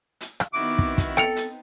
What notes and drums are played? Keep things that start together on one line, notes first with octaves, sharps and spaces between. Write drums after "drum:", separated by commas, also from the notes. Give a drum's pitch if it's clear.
drum: hi-hat
drum: rim click
D#3 B3 C4 D#4 E4 F#4 D6
drum: kick
drum: kick, hi-hat
A4 G5 C#7 F7, drum: rim click
drum: hi-hat